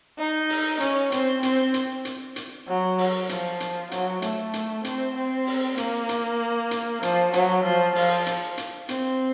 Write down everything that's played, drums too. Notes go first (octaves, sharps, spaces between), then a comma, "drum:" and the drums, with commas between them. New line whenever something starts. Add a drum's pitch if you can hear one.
D#4
drum: open hi-hat
C#4, drum: hi-hat
C4, drum: hi-hat
C4, drum: hi-hat
drum: hi-hat
drum: hi-hat
drum: hi-hat
F#3
drum: open hi-hat
F3, drum: hi-hat
drum: hi-hat
F#3, drum: hi-hat
A3, drum: hi-hat
drum: hi-hat
C4, drum: hi-hat
C4
drum: open hi-hat
A#3, drum: hi-hat
drum: hi-hat
drum: hi-hat
F3, drum: hi-hat
F#3, drum: hi-hat
F3
F3, drum: open hi-hat
drum: hi-hat
drum: hi-hat
C4, drum: hi-hat